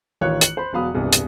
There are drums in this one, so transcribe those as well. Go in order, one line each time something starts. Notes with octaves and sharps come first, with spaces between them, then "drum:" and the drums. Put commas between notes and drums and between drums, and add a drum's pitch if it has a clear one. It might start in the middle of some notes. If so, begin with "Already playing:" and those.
A1 D#3 F4 C#5 C#6 F#6
C#7 F#7, drum: hi-hat
C5 B5
E1 B2 F#3 F5 B5 D#6
E1 C2 G2
drum: hi-hat